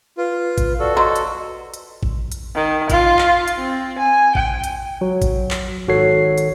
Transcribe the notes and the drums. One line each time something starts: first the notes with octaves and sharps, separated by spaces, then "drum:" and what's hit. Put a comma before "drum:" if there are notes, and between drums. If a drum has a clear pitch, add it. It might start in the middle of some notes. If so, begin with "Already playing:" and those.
F4 B4
drum: kick, hi-hat
F#4 A4 D5
F#3 C5 D#5
drum: hi-hat
drum: hi-hat
drum: kick
drum: hi-hat
D#3
F4, drum: kick, hi-hat
drum: clap
drum: hi-hat
C4
G#5
G5, drum: kick
drum: hi-hat
F#3
drum: kick, hi-hat
drum: clap
G#1 D#3 F#4 A4 C#5 C7
drum: hi-hat